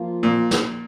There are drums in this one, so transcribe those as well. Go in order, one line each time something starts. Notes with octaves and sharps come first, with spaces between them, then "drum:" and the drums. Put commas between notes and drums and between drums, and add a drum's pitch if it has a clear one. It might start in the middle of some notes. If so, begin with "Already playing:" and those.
Already playing: F3 A#3 F4
A#2
drum: snare